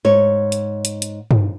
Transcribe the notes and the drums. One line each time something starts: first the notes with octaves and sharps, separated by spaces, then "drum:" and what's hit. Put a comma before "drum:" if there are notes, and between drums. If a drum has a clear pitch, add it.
G#2 C#5
drum: hi-hat
drum: hi-hat
drum: hi-hat
drum: tom G2